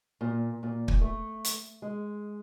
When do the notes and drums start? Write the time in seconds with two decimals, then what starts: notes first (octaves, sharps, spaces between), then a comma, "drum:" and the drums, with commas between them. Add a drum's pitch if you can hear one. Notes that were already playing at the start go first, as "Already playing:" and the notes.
0.21 A#2
0.63 A#2
0.88 drum: kick
1.01 A3
1.45 drum: hi-hat
1.82 G#3